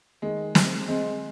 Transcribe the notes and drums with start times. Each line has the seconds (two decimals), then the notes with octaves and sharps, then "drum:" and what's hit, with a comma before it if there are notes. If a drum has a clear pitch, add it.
0.22 D#3 G#3
0.55 drum: snare
0.88 G#3 C4